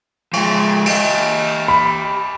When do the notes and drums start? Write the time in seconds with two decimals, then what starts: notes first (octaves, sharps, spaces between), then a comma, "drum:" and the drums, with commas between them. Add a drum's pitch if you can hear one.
0.33 F3 G#3, drum: cymbal
0.86 G4 D#5, drum: cymbal
1.68 B5